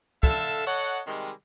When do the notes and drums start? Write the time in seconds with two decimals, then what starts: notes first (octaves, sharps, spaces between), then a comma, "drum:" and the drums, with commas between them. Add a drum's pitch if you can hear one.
0.23 D3 A4 E5 F5 A5, drum: kick
0.67 A4 C#5 D#5 F#5
1.07 C3 D#3 G3 G#3